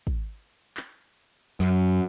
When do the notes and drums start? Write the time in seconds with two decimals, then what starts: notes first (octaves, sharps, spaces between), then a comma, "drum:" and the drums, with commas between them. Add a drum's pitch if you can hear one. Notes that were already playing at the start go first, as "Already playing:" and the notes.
0.07 drum: kick
0.77 drum: clap
1.60 F#2, drum: snare